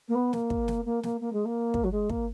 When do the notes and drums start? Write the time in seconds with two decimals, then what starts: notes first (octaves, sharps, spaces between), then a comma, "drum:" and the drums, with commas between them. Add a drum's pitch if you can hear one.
0.08 A#3
0.15 B3
0.33 A#3, drum: snare
0.50 drum: kick
0.68 drum: snare
0.85 A#3
1.03 A#3, drum: snare
1.21 A#3
1.32 G#3
1.45 A#3
1.74 drum: kick
1.84 F#3
1.91 G#3
2.09 A#3, drum: kick